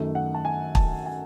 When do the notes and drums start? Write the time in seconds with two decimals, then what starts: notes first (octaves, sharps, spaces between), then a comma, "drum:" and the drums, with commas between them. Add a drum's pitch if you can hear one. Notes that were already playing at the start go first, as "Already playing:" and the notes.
Already playing: F#2 D#3 A3
0.15 F#5
0.34 A5
0.45 G#5
0.75 A5, drum: kick
1.06 G#5